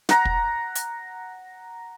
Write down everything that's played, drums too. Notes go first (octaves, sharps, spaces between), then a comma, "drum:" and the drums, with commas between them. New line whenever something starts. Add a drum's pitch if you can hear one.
F#5 A#5, drum: snare
drum: kick
drum: hi-hat